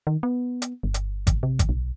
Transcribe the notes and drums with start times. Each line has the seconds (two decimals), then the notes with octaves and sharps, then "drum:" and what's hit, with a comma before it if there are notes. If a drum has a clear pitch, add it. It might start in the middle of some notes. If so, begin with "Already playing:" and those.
0.07 D#3
0.23 B3
0.62 drum: hi-hat
0.83 G1
0.94 drum: hi-hat
1.27 drum: kick G#1, hi-hat
1.43 C3
1.59 drum: kick G#1, hi-hat
1.69 B1